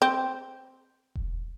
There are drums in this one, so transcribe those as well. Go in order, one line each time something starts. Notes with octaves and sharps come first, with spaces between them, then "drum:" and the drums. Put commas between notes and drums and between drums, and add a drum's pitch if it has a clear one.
C4
drum: kick E1